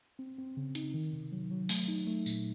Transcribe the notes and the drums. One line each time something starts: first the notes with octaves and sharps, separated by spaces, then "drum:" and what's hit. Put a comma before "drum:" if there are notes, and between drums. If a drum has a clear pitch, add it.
C4
C4
C#3
D#4, drum: hi-hat
D#3
C3
F#3
F#3
A3, drum: open hi-hat
D#4
A3
A#2, drum: tambourine